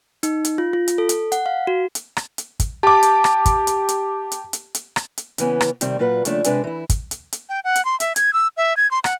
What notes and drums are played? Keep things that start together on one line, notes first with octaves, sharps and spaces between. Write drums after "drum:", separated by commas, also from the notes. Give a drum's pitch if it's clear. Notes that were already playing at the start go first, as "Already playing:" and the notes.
D#4, drum: hi-hat
drum: hi-hat
F4
F4
drum: hi-hat
A4
drum: hi-hat
F#5, drum: hi-hat
F5
F#4
drum: hi-hat
drum: rim click
drum: hi-hat
drum: kick, hi-hat
G4 A5 D6
drum: hi-hat
drum: rim click
drum: kick, hi-hat
drum: hi-hat
drum: hi-hat
drum: hi-hat
drum: hi-hat
drum: hi-hat
drum: rim click
drum: hi-hat
C#3 E3 B3 C#4, drum: hi-hat
drum: rim click
C3 D#3 G3 C4, drum: hi-hat
A#2 F#3 F4 B4 F#5
D#2 C#3 F3 A3 D4 C#5, drum: hi-hat
C3 G#3 D4 B4 E5 G#5, drum: hi-hat
E3 E4
drum: kick, hi-hat
drum: hi-hat
drum: hi-hat
G5
F#5
drum: hi-hat
C6
E5, drum: hi-hat
G#6, drum: hi-hat
E6
E5
G#6
C6
F#5, drum: rim click